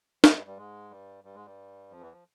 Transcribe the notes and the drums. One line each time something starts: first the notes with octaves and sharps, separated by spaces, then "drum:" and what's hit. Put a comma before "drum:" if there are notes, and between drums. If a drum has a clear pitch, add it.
F2 F3, drum: snare
G2 G3
G2 G3
G#2 G#3
G2 G3
G2 G3
G#2 G#3
G2 G3
F2 F3
E2 E3
F3